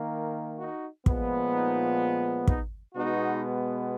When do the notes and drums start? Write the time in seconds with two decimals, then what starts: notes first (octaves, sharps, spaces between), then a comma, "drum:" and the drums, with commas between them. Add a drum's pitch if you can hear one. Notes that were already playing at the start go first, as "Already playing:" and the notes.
Already playing: D#3 A#3
0.57 D#4 F#4
1.06 A#2 F3 G#3 B3, drum: kick
1.53 D#4
2.47 D#4, drum: kick
2.95 B2 G#3 B3 D#4 F#4